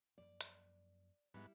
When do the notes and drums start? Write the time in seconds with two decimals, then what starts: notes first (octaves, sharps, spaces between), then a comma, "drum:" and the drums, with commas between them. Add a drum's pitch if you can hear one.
0.18 F#2 F3 A#3 D5
0.41 drum: hi-hat
1.34 G#2 G3 B3 E4